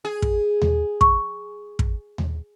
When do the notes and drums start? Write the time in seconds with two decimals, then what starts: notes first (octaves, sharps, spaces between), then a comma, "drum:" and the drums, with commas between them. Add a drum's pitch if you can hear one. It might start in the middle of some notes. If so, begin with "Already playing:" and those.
0.05 G#4
0.22 drum: kick
0.62 drum: tom D#2
1.01 C#6, drum: kick
1.79 drum: kick
2.18 drum: tom D#2